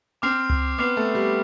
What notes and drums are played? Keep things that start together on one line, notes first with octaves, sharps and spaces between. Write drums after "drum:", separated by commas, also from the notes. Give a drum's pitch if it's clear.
C4 D6 F6 C7 F7
drum: tom C#2
B3 D6 F6 C7 F7
A3
G3